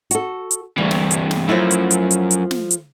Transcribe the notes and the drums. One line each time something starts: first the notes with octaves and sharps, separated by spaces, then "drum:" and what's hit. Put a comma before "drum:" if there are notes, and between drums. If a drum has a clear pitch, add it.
F#4 A4, drum: hi-hat
drum: hi-hat
D2 G2 E3
drum: snare
drum: hi-hat
drum: snare
F#2 F3 A3 E4
drum: hi-hat
drum: hi-hat
drum: hi-hat
drum: hi-hat
drum: snare
drum: hi-hat